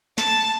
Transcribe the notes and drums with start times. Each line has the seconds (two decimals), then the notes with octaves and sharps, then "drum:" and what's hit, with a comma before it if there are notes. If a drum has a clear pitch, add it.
0.18 A5, drum: snare